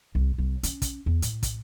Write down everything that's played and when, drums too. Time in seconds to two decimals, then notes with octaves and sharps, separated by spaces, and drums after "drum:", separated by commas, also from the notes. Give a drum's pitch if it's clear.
0.15 C2
0.38 C2
0.63 C#4, drum: hi-hat
0.82 drum: kick, hi-hat
1.06 E2
1.22 A2, drum: hi-hat
1.43 drum: kick, hi-hat